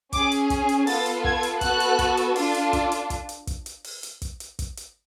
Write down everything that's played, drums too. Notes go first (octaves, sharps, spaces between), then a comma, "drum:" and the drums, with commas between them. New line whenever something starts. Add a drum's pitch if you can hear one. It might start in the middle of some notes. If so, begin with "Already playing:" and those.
C#4 G#4 D6, drum: kick, hi-hat
drum: hi-hat
drum: kick, hi-hat
drum: hi-hat
B3 F4 A4 A6, drum: open hi-hat
drum: hi-hat
G#6, drum: kick
drum: hi-hat
B3 F#4 A4 F#6, drum: kick, hi-hat
drum: hi-hat
drum: kick, hi-hat
drum: hi-hat
D4 F4 A4, drum: open hi-hat
drum: hi-hat
drum: kick, hi-hat
drum: hi-hat
drum: kick, hi-hat
drum: hi-hat
drum: kick, hi-hat
drum: hi-hat
drum: open hi-hat
drum: hi-hat
drum: kick, hi-hat
drum: hi-hat
drum: kick, hi-hat
drum: hi-hat